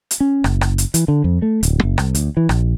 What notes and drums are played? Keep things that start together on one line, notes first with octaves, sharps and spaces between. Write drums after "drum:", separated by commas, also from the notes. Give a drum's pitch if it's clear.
drum: hi-hat
C#4
F#1, drum: rim click
drum: rim click
drum: hi-hat
E3, drum: hi-hat
D3
F2
A3
D1, drum: hi-hat
F#1
C2, drum: rim click
D2, drum: hi-hat
E3
A#1, drum: rim click